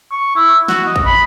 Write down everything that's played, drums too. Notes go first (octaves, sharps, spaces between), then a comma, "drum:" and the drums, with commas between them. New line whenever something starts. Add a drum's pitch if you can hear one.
C#6
E4
F#4, drum: snare
D#5
drum: kick
B5